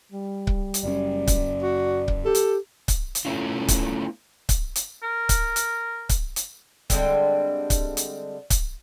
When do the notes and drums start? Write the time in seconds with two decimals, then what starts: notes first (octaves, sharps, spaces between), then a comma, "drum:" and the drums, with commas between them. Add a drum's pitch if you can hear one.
0.12 G3
0.47 drum: kick C#1
0.74 drum: hi-hat
0.83 F#1 F#2 C#4 D5
1.27 drum: kick C#1, hi-hat
1.62 F#4
2.08 drum: kick C#1
2.25 G4 A4
2.35 drum: hi-hat
2.88 drum: kick C#1, hi-hat
3.15 drum: hi-hat
3.25 A3 B3 C#4 E4 F4
3.68 drum: kick C#1, hi-hat
4.49 drum: kick C#1, hi-hat
4.76 drum: hi-hat
5.03 A#4
5.29 drum: kick C#1, hi-hat
5.56 drum: hi-hat
6.09 drum: kick C#1, hi-hat
6.36 drum: hi-hat
6.90 D3 G3 G#3 C4, drum: kick C#1, hi-hat
7.70 drum: kick C#1, hi-hat
7.97 drum: hi-hat
8.50 drum: kick C#1, hi-hat